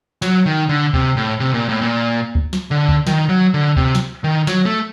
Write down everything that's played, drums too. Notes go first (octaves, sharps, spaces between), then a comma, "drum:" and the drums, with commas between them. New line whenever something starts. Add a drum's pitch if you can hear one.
F#3, drum: snare
D#3
D3
C3, drum: kick C#2
A2
C3
A#2
A2
A#2
drum: kick C#2
drum: snare
D3
drum: kick C#2
D#3, drum: snare
F#3
D3
C3, drum: kick C#2
drum: snare
D#3
F#3, drum: snare
A3